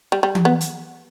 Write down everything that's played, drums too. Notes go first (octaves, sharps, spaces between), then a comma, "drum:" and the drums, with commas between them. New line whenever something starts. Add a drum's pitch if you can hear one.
G3
G3
drum: tom E3
B3
drum: hi-hat